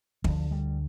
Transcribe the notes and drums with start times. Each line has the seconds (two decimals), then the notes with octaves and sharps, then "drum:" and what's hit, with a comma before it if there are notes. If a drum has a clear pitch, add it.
0.24 D2 D3 F3, drum: kick
0.51 G3